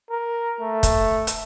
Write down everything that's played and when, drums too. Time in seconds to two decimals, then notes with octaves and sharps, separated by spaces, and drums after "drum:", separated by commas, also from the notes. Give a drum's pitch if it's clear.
0.11 A#4
0.61 A3
0.83 drum: kick, hi-hat
1.27 drum: hi-hat